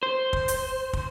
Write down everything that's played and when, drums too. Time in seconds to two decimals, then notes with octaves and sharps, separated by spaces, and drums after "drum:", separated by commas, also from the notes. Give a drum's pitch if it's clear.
0.03 C5
0.33 drum: kick
0.48 drum: hi-hat
0.93 drum: kick